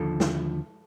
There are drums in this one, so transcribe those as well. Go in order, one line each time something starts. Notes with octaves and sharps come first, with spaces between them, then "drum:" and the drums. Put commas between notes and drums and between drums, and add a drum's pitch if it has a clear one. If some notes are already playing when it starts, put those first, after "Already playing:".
Already playing: D#2 D3 F3 A4
drum: snare